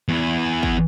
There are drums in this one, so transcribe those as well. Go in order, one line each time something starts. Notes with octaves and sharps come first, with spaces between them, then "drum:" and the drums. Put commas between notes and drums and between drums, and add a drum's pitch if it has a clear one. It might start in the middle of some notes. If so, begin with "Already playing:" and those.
E2 E4
drum: kick